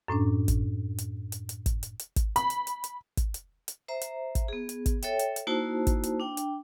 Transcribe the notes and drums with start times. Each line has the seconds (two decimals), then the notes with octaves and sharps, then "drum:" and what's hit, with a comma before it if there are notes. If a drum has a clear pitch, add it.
0.08 F#2 A2 C#4 D4
0.48 drum: kick, hi-hat
0.98 drum: hi-hat
1.32 drum: hi-hat
1.49 drum: hi-hat
1.66 drum: kick, hi-hat
1.83 drum: hi-hat
1.99 drum: hi-hat
2.16 drum: kick, hi-hat
2.36 B5, drum: hi-hat
2.50 drum: hi-hat
2.67 drum: hi-hat
2.84 drum: hi-hat
3.17 drum: kick, hi-hat
3.34 drum: hi-hat
3.68 drum: hi-hat
3.88 C5 E5 A#5
4.01 drum: hi-hat
4.35 drum: kick, hi-hat
4.48 B3 G#4
4.69 drum: hi-hat
4.86 drum: kick, hi-hat
5.02 A4 C#5 E5 G5, drum: hi-hat
5.19 drum: hi-hat
5.36 drum: hi-hat
5.47 A#3 D#4 E4 F#4 C5 A5
5.87 drum: kick, hi-hat
6.03 drum: hi-hat
6.20 D4 G5
6.37 drum: hi-hat